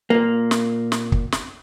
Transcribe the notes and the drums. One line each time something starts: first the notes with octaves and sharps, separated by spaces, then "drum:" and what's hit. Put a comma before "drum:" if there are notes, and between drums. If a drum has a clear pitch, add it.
A#2 A#3
drum: snare
drum: snare
drum: kick
drum: snare